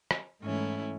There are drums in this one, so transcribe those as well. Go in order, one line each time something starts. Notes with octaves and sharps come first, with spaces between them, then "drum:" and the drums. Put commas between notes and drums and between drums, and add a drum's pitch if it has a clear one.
drum: rim click
G#2 E3 A3 C#4 E4